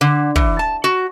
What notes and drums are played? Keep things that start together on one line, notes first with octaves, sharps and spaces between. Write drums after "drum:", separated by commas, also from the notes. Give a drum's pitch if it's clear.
D3
E3, drum: kick
A5
F#4